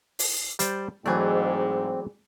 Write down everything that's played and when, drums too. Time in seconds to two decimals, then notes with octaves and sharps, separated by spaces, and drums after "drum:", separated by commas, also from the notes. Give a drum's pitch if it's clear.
0.19 drum: open hi-hat
0.59 G3 C5 D5, drum: hi-hat
1.06 G#2 E3 F#3 A3 C4 G#4 D5